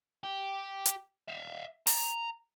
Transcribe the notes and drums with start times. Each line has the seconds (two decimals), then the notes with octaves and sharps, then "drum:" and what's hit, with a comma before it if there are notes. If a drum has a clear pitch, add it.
0.23 G4
0.86 drum: hi-hat
1.28 E5 F5
1.87 A#5, drum: open hi-hat